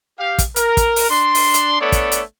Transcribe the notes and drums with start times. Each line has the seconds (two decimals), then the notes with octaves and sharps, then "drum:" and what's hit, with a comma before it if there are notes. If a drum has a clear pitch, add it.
0.19 G4 F5
0.38 drum: kick, hi-hat
0.56 A#4, drum: hi-hat
0.77 drum: kick, hi-hat
0.96 drum: open hi-hat
1.10 D4 C6
1.35 drum: open hi-hat
1.54 drum: hi-hat
1.80 A3 B3 D4 A4 C#5 D5
1.92 drum: kick, hi-hat
2.12 drum: hi-hat